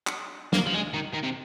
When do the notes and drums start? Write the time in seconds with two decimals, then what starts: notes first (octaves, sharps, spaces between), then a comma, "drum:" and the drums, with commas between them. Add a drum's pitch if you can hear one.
0.07 drum: clap
0.53 A#3, drum: snare
0.66 F3
0.74 G#3
0.94 D#3
1.14 D#3
1.23 C3